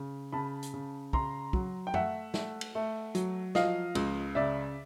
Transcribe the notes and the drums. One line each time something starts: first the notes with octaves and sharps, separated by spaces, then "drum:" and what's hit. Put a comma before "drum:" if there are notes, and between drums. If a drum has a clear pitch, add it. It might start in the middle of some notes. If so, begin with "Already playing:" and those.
Already playing: C#3
C#3 A5 B5
drum: hi-hat
C#3
C#3 A#5 C6, drum: kick
F#3, drum: kick
G5
A3 E5 F#5, drum: tom
A3, drum: snare
drum: cymbal
A3
F#3, drum: hi-hat
F3 D#5 F5, drum: snare
C#2, drum: cymbal
C#3 D5 E5